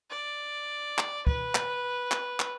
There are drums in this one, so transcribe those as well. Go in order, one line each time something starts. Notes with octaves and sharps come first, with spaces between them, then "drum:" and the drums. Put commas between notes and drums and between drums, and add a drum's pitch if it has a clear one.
D5
drum: clap
B4, drum: kick
drum: clap
drum: clap
drum: clap